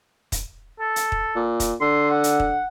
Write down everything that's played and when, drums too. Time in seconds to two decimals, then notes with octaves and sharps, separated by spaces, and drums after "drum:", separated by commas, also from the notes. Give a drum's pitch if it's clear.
0.32 drum: kick, hi-hat
0.80 A4
0.96 drum: hi-hat
1.12 drum: kick
1.35 A#2
1.60 drum: kick, hi-hat
1.81 D3 C6
2.10 F#5
2.24 drum: hi-hat
2.40 drum: kick